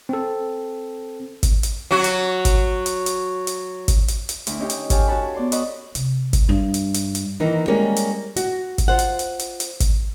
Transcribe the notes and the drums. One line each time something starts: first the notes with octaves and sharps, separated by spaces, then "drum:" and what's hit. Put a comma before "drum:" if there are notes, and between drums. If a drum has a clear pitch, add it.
C4 A4
drum: kick G1, hi-hat
drum: hi-hat
F#3 F#4
drum: hi-hat
drum: kick G1, hi-hat
drum: hi-hat
drum: hi-hat
drum: hi-hat
drum: kick G1, hi-hat
drum: hi-hat
drum: hi-hat
D2 E4, drum: hi-hat
C#4 D#4 G4
drum: hi-hat
G4 A4 C#5 F5 G#5, drum: kick G1, hi-hat
F#4 C#5 A5 B5
B3 D5 C6
A4 D#5 F#5 B5 C#6 D#6, drum: hi-hat
C3, drum: hi-hat
drum: kick G1, hi-hat
G2
drum: hi-hat
drum: hi-hat
drum: hi-hat
D#3 E3 A#3 D#4
G3 G#3 A#3 C#4
drum: hi-hat
F#4, drum: hi-hat
drum: kick G1, hi-hat
F4 C5 F#5
drum: hi-hat
drum: hi-hat
drum: hi-hat
drum: hi-hat
drum: kick G1, hi-hat